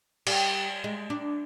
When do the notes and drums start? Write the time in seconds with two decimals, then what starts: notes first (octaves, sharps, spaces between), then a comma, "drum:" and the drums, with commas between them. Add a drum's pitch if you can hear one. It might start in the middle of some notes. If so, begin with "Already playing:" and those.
0.27 G3, drum: cymbal
0.84 G#3
1.10 D4